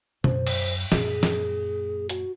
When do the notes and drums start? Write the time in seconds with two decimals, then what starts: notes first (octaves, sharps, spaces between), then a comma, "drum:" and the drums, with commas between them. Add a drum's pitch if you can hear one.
0.24 F#2 C5, drum: tom B2
0.47 drum: cymbal
0.92 F#2 A#2 G#4, drum: snare
1.23 drum: snare
2.09 F#4, drum: hi-hat